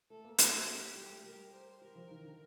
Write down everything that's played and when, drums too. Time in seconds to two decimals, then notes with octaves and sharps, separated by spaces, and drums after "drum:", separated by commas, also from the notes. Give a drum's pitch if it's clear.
0.10 A3 A4
0.25 A#3
0.38 A3 G4, drum: hi-hat
0.68 G4
0.95 G3
1.10 A3
1.24 G3 A#4
1.53 C5
1.82 G3 A#4
1.95 F3
2.11 D#3
2.25 D3